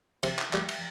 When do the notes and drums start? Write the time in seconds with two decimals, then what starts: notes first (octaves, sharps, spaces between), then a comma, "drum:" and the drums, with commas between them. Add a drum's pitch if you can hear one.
0.23 C3, drum: cymbal
0.39 drum: clap
0.53 G3, drum: clap
0.69 drum: cymbal